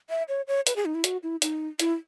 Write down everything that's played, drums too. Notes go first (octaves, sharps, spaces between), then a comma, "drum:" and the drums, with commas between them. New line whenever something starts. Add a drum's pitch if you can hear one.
E5
C#5
C#5
B4, drum: hi-hat
G#4
D#4
E4
F#4, drum: hi-hat
E4
D#4, drum: hi-hat
E4, drum: hi-hat